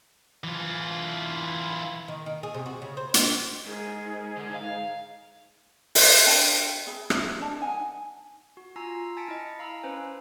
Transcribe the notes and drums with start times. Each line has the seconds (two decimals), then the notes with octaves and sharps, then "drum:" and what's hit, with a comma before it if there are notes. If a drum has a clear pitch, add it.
0.44 E3 F4
2.08 D#3
2.26 D#3
2.43 G#4
2.54 C3
2.66 F#4
2.82 C#3
2.97 C5
3.14 D#2, drum: hi-hat
3.66 G#2 G#4 A#4
4.37 D3
4.54 F5
5.95 drum: open hi-hat
6.26 D4 F5 G5 A5
6.87 G#4 E5 B5
7.10 E4 D#5 E5 A#5, drum: rim click
7.39 D4 D#5 A5
7.59 D#4 F#5 G#5
8.57 F#4
8.76 F4 G#5 A#5 E6 C7
9.17 G#5 A5 A6 B6 C#7 D7
9.28 E4 D#5
9.59 F5 A#5 B5 E6
9.83 C#4 B4 C5 G#5